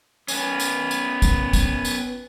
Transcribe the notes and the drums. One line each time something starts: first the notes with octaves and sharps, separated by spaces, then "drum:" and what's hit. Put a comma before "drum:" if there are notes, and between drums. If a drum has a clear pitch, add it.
B3 C#4, drum: tambourine
drum: tambourine
drum: tambourine
drum: kick, tambourine
drum: kick, tambourine
drum: tambourine